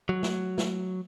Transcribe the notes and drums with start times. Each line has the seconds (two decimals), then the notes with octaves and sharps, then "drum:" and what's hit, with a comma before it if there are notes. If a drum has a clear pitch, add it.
0.09 F#3
0.23 drum: snare
0.58 drum: snare